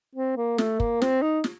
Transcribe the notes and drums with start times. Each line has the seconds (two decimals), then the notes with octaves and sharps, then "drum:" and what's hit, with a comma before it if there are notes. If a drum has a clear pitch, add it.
0.15 C4
0.37 A#3
0.58 A3, drum: snare
0.80 A#3, drum: kick
1.02 C4, drum: snare
1.22 D#4
1.44 drum: snare